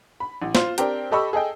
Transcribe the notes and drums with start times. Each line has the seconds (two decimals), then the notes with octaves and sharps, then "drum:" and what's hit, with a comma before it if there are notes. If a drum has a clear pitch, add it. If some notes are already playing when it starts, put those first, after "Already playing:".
0.20 B5
0.42 A1
0.55 F4 C5, drum: snare
0.78 C4 D4 G4 A#4 G5, drum: hi-hat
1.11 G4 A4 D#5 B5 C#6 E6
1.33 G#4 A4 D#5 G5